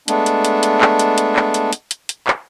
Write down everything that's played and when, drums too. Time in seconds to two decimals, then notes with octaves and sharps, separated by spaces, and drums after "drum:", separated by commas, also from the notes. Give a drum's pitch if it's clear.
0.08 G#3 A3 B3 D4, drum: hi-hat
0.26 drum: hi-hat
0.45 drum: hi-hat
0.63 drum: hi-hat
0.81 drum: clap
0.99 drum: hi-hat
1.18 drum: hi-hat
1.36 drum: clap
1.54 drum: hi-hat
1.73 drum: hi-hat
1.91 drum: hi-hat
2.09 drum: hi-hat
2.27 drum: clap